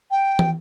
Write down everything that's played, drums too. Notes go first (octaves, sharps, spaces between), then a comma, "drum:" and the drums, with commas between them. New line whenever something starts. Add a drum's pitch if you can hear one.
G5
drum: tom